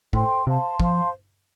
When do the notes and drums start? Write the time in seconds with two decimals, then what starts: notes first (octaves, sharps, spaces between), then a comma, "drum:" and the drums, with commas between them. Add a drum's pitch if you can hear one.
0.13 A2 A4 C5 G5 C6, drum: kick
0.46 C3 C5 F5 A5 C6
0.80 F3 C5 F5 A5 C6, drum: kick